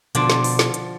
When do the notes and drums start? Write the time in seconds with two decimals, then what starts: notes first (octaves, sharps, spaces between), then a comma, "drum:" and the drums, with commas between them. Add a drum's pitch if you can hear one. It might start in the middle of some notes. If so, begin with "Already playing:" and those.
0.15 B2 D3 F3 D5, drum: hi-hat
0.30 drum: snare
0.44 drum: open hi-hat
0.59 drum: snare
0.74 drum: hi-hat